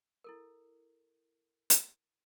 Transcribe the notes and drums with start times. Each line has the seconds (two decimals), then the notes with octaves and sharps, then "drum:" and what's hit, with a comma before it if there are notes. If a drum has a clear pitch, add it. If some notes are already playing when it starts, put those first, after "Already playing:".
0.24 E4 A4 A#4
1.70 drum: hi-hat